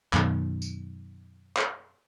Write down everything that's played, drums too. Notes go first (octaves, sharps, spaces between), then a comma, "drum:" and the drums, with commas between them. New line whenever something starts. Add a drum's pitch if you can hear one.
F#2 B2 D#3, drum: clap
drum: tambourine
drum: clap